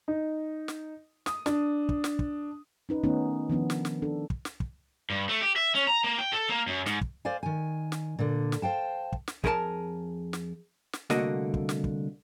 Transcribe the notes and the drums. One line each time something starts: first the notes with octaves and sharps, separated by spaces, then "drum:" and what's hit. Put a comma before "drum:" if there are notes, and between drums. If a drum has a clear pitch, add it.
D#4
drum: snare
D#6, drum: snare
D4, drum: snare
drum: kick
drum: snare
drum: kick
C#4 D#4 B4
D#3 A3 B3 C#4 D#4
D#3 F3 B3 D4
drum: snare
drum: snare
D4 A4
drum: kick
drum: snare
drum: kick
G2
A3
G4
E5
C#4
A#5
A#3
G5
A4
A#3
F#2
G#2, drum: snare
drum: kick
C5 D5 F5 G#5
D#3 G#5
drum: snare
A#2 D3
drum: snare
C5 F5 G5 A5
drum: kick
drum: snare
F2 G#4 A#4 C5 A5, drum: kick
drum: snare
drum: snare
C2 D3 A3 A#3 F#4 D#5, drum: snare
drum: kick
drum: snare
drum: kick